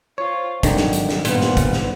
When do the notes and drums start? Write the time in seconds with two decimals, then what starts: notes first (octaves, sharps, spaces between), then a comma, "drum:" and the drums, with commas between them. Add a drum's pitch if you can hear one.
0.18 F4 C5 C#5
0.63 G#1 D3 D#3 F#3, drum: kick, hi-hat
0.77 drum: snare
0.93 drum: hi-hat
1.09 drum: snare
1.25 G2 A#2 B3 C5, drum: hi-hat
1.41 drum: snare
1.57 drum: kick, hi-hat
1.73 drum: snare